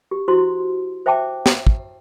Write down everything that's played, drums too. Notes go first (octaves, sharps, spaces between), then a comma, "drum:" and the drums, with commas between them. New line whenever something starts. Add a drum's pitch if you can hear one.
G4
E4 F#4 C5 C6
C5 E5 G5 A5 D6
drum: snare
drum: kick